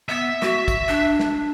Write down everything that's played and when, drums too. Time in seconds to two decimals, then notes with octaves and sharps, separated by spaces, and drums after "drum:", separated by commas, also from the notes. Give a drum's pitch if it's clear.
0.09 B3 E5
0.42 F#4, drum: snare
0.68 drum: kick, tambourine
0.88 D4
1.19 drum: snare